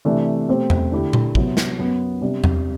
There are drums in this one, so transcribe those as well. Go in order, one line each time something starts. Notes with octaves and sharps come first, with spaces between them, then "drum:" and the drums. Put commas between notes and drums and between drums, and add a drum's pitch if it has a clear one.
C3 E3 A3 D4
B2 A3 C4 G4 C5
drum: tom E2
D3 A3 E4 G4
drum: tom A#2
C2 C3 F#3 B3, drum: kick
drum: snare
F#2 F#3 B3
C3 G3 D4
drum: tom E2